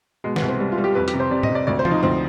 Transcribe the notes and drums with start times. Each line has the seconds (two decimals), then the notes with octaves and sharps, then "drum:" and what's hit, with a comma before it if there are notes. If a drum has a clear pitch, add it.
0.24 B2 G#3
0.36 B3, drum: snare
0.42 C2
0.48 C4
0.60 G3
0.72 F4
0.78 G3
0.84 G4
0.95 F2 B4
1.08 G4, drum: hi-hat
1.14 C3
1.20 C5
1.31 C3 D5
1.43 D#5, drum: tom
1.49 C3
1.55 D5
1.67 D2 D5
1.79 C5
1.85 F3, drum: tom
1.91 D#4
2.03 D2 C4